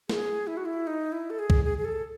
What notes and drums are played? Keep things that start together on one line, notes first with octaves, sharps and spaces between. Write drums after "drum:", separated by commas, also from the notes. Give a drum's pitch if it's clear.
G#4, drum: snare
E4
F#4
E4
D#4
E4
A4
G#4
drum: kick C2
G#4
G#4
A4